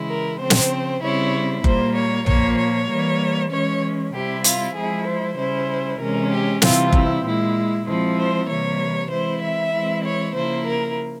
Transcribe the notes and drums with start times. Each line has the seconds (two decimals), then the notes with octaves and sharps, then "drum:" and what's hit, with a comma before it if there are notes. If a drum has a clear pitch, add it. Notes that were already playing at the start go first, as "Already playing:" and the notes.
Already playing: C#3 E3 G#3 E4
0.09 A#4
0.40 C#3 F3 C4 C5
0.50 drum: snare
1.02 C#3 G3 C4 E4 C#5
1.64 A#2 G3 A#3 C5, drum: kick F#1
1.95 C#5
2.26 A#2 F3 A#3 C#5, drum: tom
2.57 C#5
2.89 E3 G3 A#3
3.51 E3 G#3 C#4 C#5
4.13 C3 G3 C4 E4 G4
4.44 F4, drum: hi-hat
4.75 F3 G#3 E4 G#4
5.06 C5
5.37 C#3 G3 C#4 E4 C5
6.00 C3 E3 G#3 C#4 A#4
6.31 G4
6.62 C3 E3 G3 C4 E4 F4, drum: snare
6.93 E4, drum: kick F#1
7.25 A#2 G#3 E4
7.86 F3 G#3 C4 E4
8.17 C5
8.48 C3 E3 G3 A#3 C#5
9.10 E3 G#3 C4 E4 C5
9.42 E5
9.72 E3 G#3 C4 E4
10.04 C#5
10.35 C#3 F3 A#3 E4 C5
10.66 A#4